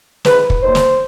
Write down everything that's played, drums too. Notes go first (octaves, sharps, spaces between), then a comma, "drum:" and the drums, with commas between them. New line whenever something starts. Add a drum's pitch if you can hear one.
G#2 B4, drum: snare
drum: kick
D#3 F#3 A#3 C5
drum: snare